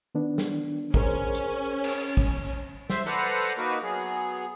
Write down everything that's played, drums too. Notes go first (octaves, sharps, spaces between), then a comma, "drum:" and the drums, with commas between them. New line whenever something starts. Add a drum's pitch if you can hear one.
D#3 B3 D4
drum: snare
C#4 G#4 A#4 C5, drum: kick
drum: hi-hat
drum: cymbal
drum: kick
C5 E5, drum: snare
A4 B4 C5 D5 F#5 A#5, drum: hi-hat
A#3 D#4 F#4 A#4 B4
F#3 B3 G#4